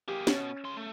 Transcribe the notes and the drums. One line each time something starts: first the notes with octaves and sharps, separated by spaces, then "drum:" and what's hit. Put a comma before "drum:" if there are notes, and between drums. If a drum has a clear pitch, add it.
A#3 G4 G#4
B2 C#4, drum: snare
C#3 C6
A3